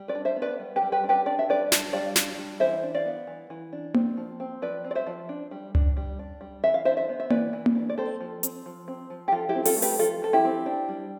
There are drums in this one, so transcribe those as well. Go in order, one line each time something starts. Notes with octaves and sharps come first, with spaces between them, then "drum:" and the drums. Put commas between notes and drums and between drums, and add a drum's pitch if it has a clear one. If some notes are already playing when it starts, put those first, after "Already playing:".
Already playing: G3
B4 D5
D4
C5 E5
B3
B4 D5
G3
G4 B4
G3
G4 B4
D4
G4 B4
D4 D5
E5
G3 B4 D5
D4, drum: snare
G3 D5 F5
D4, drum: snare
G3
E3 C5 E5
D4
D5 F5
B3
E3
E3
D4
C4, drum: tom A#3
F3
C4
F3 B4 D5
C4
D5
C5 E5
F3
D4
G3
D4, drum: tom C#2
G3
D4
G3
E3 E5
F5
D4 C5 E5
C5 E5
B3
E5
E3 B4 D5, drum: tom A#3
E3
drum: tom A#3
D4
D5
C4 A4 C5
F3
C4, drum: hi-hat
F3
C4
F3
G4
F3 F4 A4
E4 G4
C4
F4 A4, drum: open hi-hat
A3
G4 B4, drum: open hi-hat
F3 F4 A4
F3 A4
E4 G4
C4
D4
G3